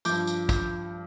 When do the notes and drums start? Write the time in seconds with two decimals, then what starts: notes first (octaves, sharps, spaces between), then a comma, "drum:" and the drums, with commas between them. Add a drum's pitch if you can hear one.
0.05 G2 F3 D6 G6, drum: tambourine
0.27 drum: tambourine
0.49 drum: kick, tambourine